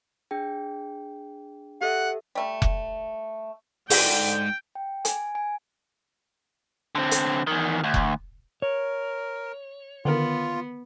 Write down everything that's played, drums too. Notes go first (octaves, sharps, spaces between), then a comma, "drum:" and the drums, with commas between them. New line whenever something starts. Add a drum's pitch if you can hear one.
D4 G#4 G5
G4 A4 E5 F#5
G3 A3
drum: kick F1
G#2 D3 G5, drum: open hi-hat
G5
G#5, drum: hi-hat
G#5
D3 C4
drum: hi-hat
E2 D#3
D2
drum: kick F1
A#4 C#5
D3 D#3 B3 F4 A#4